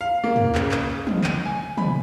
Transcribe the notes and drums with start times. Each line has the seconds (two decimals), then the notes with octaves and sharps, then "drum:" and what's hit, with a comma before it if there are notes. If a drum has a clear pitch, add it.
0.01 F5
0.24 A#3
0.36 drum: tom
0.55 C#3, drum: clap
0.71 drum: clap
1.07 drum: tom
1.24 D#7, drum: clap
1.45 G#5
1.78 B5, drum: tom